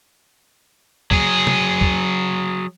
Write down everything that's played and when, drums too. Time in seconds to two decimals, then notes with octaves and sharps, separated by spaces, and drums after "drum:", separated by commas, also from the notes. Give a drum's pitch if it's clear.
1.11 F#3 G#4, drum: kick
1.47 drum: tom C3
1.81 drum: kick